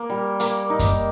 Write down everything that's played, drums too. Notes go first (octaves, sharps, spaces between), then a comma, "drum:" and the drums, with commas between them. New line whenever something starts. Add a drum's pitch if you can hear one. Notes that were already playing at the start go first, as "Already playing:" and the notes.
Already playing: A#3
G3
A#3, drum: hi-hat
D#4
drum: kick F#2, hi-hat